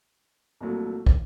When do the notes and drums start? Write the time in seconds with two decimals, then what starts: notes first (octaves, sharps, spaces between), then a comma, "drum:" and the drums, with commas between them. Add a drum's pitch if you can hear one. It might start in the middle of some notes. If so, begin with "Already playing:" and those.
0.60 C2 A#2 F#3 A3
1.07 drum: kick